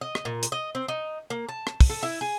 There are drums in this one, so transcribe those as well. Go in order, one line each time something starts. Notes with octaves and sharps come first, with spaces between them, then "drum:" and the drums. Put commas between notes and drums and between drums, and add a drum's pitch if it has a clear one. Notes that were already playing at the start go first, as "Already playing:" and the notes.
D#5
drum: rim click
A#2
drum: hi-hat
D#5
C4
D#4
A#3
A5
drum: rim click
drum: kick, open hi-hat
A4
E4
G#4